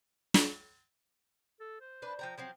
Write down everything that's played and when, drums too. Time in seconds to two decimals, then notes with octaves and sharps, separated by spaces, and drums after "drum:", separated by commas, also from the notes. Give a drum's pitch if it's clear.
0.34 drum: snare
1.60 A4
1.81 C5
2.02 D4 B4
2.19 F3 G5 A#5
2.38 F3 F#3 C4